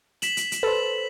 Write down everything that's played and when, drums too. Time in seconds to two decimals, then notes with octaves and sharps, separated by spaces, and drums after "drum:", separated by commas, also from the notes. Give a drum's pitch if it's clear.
0.22 B6 E7 F#7, drum: hi-hat
0.37 drum: hi-hat
0.52 drum: hi-hat
0.63 A4 B4 C5